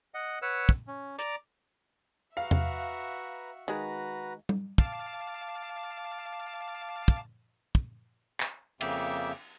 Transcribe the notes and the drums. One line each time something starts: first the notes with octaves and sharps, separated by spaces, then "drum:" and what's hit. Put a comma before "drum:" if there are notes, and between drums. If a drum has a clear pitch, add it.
D#5 F#5
B4 C#5 F#5 E6
drum: kick
C#4
D5 A#5 D6, drum: hi-hat
F#4 B4 E5 F5 A#5
drum: tom E2
D#3 G#3 F#4 B4 A#5
drum: tom G3
F5 A5 D6, drum: kick
drum: kick
drum: kick
drum: clap
F2 C#3 A#3 E5 G5 D6, drum: cymbal